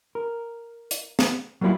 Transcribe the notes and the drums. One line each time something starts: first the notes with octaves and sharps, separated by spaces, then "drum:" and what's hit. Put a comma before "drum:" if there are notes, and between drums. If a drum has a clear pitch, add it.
A#4
drum: hi-hat
drum: snare
F#3 G3 A#3 B3 E4 F4